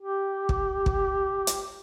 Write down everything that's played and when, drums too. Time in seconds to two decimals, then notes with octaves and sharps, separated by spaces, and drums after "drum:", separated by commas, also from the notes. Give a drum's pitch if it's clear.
0.01 G4
0.49 drum: kick
0.86 drum: kick
1.47 drum: hi-hat